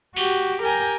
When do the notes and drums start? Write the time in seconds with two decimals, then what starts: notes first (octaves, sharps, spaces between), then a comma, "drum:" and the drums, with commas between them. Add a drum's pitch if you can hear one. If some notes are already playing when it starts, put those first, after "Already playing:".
0.16 F#4 G4, drum: cymbal
0.62 G4 A#4 G5 G#5 A#5